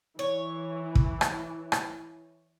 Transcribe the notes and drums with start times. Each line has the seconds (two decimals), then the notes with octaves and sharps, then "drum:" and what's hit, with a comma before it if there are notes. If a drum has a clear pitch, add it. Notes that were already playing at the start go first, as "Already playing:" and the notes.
0.19 E3 C#5
0.95 drum: kick
1.21 drum: rim click
1.72 drum: rim click